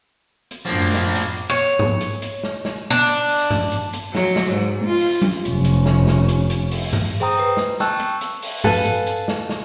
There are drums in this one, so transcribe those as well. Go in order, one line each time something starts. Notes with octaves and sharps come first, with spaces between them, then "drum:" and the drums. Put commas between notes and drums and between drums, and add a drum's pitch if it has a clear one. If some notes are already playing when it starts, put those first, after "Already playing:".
drum: hi-hat
F#2 A2 F3 A#3
drum: snare
drum: hi-hat
drum: hi-hat
C#5
drum: tom G#2
drum: hi-hat
drum: hi-hat
drum: snare
drum: snare
D4
drum: hi-hat
drum: open hi-hat
drum: tom
drum: hi-hat
drum: hi-hat
F#3, drum: snare
drum: snare
G#2
F4
drum: open hi-hat
drum: tom F#3
F1 C#4, drum: hi-hat
drum: hi-hat
drum: snare
drum: snare
drum: hi-hat
drum: hi-hat
drum: open hi-hat
drum: tom
G#4 C5 G5 A#5 D#6
B4
drum: snare
G5 A5 C#6 E6 F#6, drum: snare
drum: hi-hat
drum: hi-hat
drum: open hi-hat
A4 B4 F5 G#5, drum: tom
drum: hi-hat
drum: hi-hat
drum: snare
drum: snare